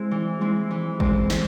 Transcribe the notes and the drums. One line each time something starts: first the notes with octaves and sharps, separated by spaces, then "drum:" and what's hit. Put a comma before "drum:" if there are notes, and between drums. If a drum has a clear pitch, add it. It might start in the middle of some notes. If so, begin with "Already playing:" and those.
Already playing: G#3 C4 E4
E3
G#3 C4 E4
E3
G#3 C4 E4, drum: kick
E3, drum: snare